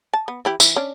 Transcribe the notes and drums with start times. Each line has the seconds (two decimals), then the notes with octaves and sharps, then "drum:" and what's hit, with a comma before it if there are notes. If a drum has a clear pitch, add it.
0.13 A5
0.28 B3
0.45 E3 E4 G4
0.60 E3, drum: tambourine
0.76 C#4 D4